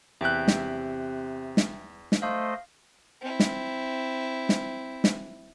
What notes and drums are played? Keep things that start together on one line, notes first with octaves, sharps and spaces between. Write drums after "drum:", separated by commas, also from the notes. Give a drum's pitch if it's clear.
E2 C3 E5 G5 F#6 G6
drum: snare
drum: snare
drum: snare
A3 C5 D#5 F5
C4 E4
drum: snare
drum: snare
drum: snare